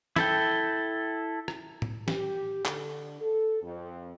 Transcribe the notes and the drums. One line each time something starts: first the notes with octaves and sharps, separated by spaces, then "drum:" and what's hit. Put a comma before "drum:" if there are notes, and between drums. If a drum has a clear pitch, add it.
E4 A4 G5, drum: snare
drum: rim click
drum: tom A2
G4, drum: snare
D3, drum: clap
A4
F2